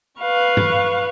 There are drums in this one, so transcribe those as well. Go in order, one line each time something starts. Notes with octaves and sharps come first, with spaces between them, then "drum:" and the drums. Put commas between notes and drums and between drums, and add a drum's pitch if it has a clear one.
B4 F5 C#6
drum: tom G2